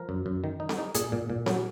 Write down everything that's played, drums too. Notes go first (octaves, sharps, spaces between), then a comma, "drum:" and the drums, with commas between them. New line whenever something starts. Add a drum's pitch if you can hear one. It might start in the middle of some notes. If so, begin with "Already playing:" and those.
Already playing: F3 A#4
F#2
F#2
D#3
D#4
drum: snare C4
D#4
A#2 G#4, drum: hi-hat
A#2
A#2
F#3, drum: snare C4